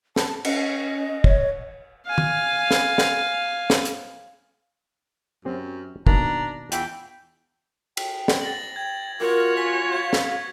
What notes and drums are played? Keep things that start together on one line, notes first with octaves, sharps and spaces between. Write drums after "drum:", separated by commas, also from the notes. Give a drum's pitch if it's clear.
A5, drum: snare
C#4 D#5, drum: cymbal
C#5, drum: kick
F5 G#5
drum: tom
drum: snare
drum: snare
drum: snare
drum: hi-hat
F#2 F#3 C4 G4
B2 D#3 A#3 D4 A#5, drum: kick
E2 F4 G5, drum: hi-hat
G5, drum: cymbal
drum: snare
A6 A#6 F#7
G5 G#6
F4 F#4 A#4 C#5
G#5 C#6 B6
F5 G#6
drum: snare